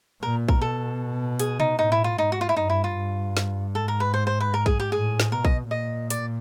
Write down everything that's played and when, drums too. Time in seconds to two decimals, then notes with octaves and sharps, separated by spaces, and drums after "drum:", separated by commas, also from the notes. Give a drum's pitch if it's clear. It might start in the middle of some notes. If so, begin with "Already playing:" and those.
0.22 A#2 A#4
0.49 A#4, drum: kick A#1
0.61 B2 A4
1.39 G#4, drum: hi-hat
1.60 D#4, drum: tom C3
1.78 A2 D#4
1.92 E4
2.04 F4
2.18 G#2 D#4
2.32 F#4
2.41 F4
2.49 E4
2.57 G2 D#4
2.70 E4
2.84 F4
2.96 G2
3.37 drum: snare
3.75 G#2 A4
3.88 A#4
4.00 B4
4.14 C5
4.27 C5
4.40 B4
4.54 A#4
4.66 G#4, drum: kick A#1
4.80 G4
4.92 A2 G#4
5.20 drum: snare
5.32 B2 A#4
5.45 D#5, drum: kick A#1
5.71 A#2 D#5
6.10 D5, drum: hi-hat